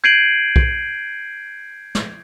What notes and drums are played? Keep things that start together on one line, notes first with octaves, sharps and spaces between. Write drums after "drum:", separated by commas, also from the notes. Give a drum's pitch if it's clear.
G6 G#6 C7 D7 D#7 F#7
drum: kick B1
drum: snare